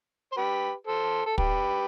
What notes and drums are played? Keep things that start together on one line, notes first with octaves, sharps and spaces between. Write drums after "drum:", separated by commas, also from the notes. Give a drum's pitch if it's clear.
C5
G4 B4
A4 C5
A4
G4 B4, drum: kick